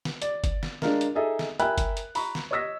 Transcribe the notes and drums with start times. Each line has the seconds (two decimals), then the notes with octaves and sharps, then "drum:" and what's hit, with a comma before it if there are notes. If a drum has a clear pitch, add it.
0.05 drum: snare
0.22 D5, drum: hi-hat
0.44 drum: kick G1, hi-hat
0.63 drum: snare
0.82 G#3 D4 F4 A#4, drum: snare
1.01 drum: hi-hat
1.15 D#4 G#4 A4 D#5 E5
1.39 drum: snare
1.59 A#4 E5 G5 G#5 B5 F#6, drum: hi-hat
1.78 drum: kick G1, hi-hat
1.97 drum: hi-hat
2.15 A#5 B5 C#6, drum: open hi-hat
2.35 drum: snare
2.51 C#5 D#5 D#6 E6 A#6 B6